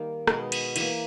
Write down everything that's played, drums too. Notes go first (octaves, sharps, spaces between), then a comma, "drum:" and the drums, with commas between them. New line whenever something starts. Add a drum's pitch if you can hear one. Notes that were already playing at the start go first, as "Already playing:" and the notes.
Already playing: D#3 G3 A#3
B2 G#3 B3 D#5, drum: rim click
drum: cymbal
E3 A#3, drum: cymbal